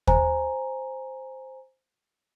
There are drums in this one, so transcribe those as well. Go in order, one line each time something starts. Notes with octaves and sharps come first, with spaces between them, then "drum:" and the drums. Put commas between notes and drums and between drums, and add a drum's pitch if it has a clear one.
C5 G#5 A#5, drum: kick